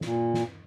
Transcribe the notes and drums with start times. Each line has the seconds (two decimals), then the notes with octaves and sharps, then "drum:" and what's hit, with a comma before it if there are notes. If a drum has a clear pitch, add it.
0.01 A#2, drum: snare
0.34 drum: snare